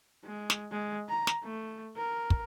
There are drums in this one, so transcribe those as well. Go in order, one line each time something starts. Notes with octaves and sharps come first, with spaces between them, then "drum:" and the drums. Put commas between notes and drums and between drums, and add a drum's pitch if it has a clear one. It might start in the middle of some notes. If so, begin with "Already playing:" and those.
G#3
drum: snare
G#3
A#5
drum: snare
A3
A#4
drum: kick